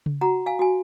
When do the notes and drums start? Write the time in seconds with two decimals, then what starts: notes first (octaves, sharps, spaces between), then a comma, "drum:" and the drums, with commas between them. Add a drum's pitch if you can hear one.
0.06 drum: tom C#3
0.21 F#4 F#5 A#5
0.46 F5 G#5
0.59 F#4 G#5